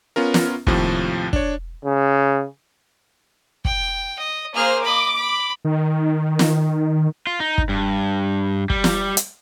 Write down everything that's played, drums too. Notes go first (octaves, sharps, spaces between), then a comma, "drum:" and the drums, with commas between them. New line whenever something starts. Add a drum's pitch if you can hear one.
B3 C#4 F4 A#4
drum: snare
D#2 A2 C3 F3, drum: kick
D4 C#5, drum: kick
C#3
G5, drum: kick
D#5
A#3 G#4 C5 F6
D#5 B5 D6
B5
D#3
drum: snare
F4
D#4
drum: kick
G2
G3, drum: kick
drum: snare
drum: hi-hat